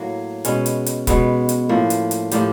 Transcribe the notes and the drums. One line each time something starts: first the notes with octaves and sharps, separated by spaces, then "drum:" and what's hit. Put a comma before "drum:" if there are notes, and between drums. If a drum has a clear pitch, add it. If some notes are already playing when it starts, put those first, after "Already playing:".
Already playing: A2 F#3 A#3
B2 G#3 B3 C#4, drum: hi-hat
drum: hi-hat
drum: hi-hat
B2 G#3 B3, drum: kick E1, hi-hat
drum: hi-hat
A2 F3 A#3
drum: hi-hat
drum: hi-hat
A2 F3 A#3 G4, drum: hi-hat